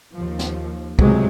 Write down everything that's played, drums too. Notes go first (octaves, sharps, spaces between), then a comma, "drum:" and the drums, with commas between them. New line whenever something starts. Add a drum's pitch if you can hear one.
D#2 F3
drum: snare
C#2 A2 C3 F#3 G#3, drum: kick